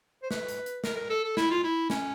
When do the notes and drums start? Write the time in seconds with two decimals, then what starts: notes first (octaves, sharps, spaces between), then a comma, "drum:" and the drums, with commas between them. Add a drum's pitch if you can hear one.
0.23 C5
0.31 B4, drum: snare
0.48 drum: hi-hat
0.66 drum: hi-hat
0.84 A#4, drum: snare
0.97 A#4
1.10 A4
1.24 A4
1.37 E4, drum: snare
1.51 F4
1.64 E4
1.90 C#4, drum: snare